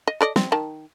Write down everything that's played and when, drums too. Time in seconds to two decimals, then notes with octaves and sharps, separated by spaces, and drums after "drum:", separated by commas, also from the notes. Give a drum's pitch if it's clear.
0.07 D#5
0.21 A4 D5 D#5
0.36 C4, drum: snare
0.52 D#3 A5